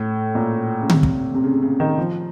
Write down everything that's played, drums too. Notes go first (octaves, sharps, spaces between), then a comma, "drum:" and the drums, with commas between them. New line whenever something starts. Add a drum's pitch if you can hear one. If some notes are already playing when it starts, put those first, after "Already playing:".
Already playing: A2
A#2
C#3
C3, drum: tom D3
drum: kick
C3
C#3
C#3
D#3
F3